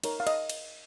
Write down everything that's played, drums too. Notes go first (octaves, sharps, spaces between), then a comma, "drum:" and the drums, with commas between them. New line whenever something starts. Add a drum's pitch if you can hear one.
D#4 A#4 C#5, drum: cymbal
F5
D#5, drum: cymbal
drum: cymbal